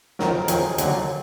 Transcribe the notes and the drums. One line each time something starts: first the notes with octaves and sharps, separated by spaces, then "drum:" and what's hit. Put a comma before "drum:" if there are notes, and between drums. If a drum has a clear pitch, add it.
F2 D#3 F#3 A#4, drum: snare
A#4
F2 D#3 F#3 G#4, drum: hi-hat
D#2 D3 F#3, drum: hi-hat